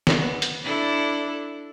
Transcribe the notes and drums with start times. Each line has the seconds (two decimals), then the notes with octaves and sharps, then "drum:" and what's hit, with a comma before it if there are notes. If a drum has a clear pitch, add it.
0.07 drum: snare
0.17 B3
0.42 drum: hi-hat
0.62 D4 E4 A4